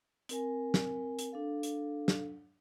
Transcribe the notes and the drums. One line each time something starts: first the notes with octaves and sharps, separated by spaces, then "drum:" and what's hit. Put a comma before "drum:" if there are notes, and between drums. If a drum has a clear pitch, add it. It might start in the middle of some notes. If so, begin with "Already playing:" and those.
C4 A#4 G#5, drum: hi-hat
drum: snare
drum: hi-hat
D4 A4 F5
drum: hi-hat
drum: snare